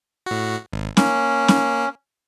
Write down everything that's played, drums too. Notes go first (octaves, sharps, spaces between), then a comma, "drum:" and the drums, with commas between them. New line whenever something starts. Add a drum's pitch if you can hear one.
A2 F#4
G#1
A#3 C#4, drum: snare C#4
drum: snare C#4